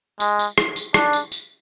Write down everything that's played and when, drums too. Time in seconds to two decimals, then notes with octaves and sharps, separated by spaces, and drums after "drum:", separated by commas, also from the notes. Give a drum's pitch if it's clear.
0.20 G#3, drum: tambourine
0.39 drum: tambourine
0.58 drum: rim click
0.76 drum: tambourine
0.94 D4, drum: rim click
1.13 drum: tambourine
1.32 drum: tambourine